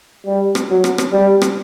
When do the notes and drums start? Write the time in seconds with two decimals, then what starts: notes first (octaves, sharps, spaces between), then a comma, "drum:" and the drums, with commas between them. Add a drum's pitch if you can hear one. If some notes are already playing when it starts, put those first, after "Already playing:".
0.26 G3
0.55 drum: rim click
0.70 F#3
0.84 drum: rim click
0.98 drum: rim click
1.13 G3
1.42 drum: rim click